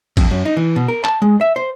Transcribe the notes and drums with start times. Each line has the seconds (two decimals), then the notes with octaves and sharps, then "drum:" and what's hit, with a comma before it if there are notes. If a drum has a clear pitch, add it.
0.17 F2, drum: kick A1, cymbal
0.31 F#2
0.45 D#4
0.57 E3
0.76 B2
0.88 A#4
1.04 A5, drum: clap
1.22 G#3
1.41 E5
1.56 C5